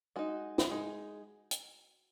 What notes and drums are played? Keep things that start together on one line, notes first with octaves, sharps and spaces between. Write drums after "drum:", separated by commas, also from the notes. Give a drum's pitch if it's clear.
G#3 D#4 F#4
drum: snare
G#3 D#4
drum: hi-hat